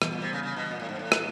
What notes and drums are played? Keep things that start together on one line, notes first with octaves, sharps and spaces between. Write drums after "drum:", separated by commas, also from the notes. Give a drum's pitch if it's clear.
A#2 E3 G3 B3, drum: rim click
A#2
C3
C#3
C#3
B2
A#2
A2
G#2
A2
drum: rim click